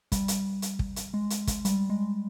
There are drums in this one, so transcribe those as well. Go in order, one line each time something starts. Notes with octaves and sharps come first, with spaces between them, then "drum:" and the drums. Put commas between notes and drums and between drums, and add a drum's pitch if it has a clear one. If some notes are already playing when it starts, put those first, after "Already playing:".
G3, drum: kick, hi-hat
drum: hi-hat
drum: hi-hat
drum: kick
drum: hi-hat
G#3
drum: hi-hat
drum: kick, hi-hat
G3, drum: hi-hat
G#3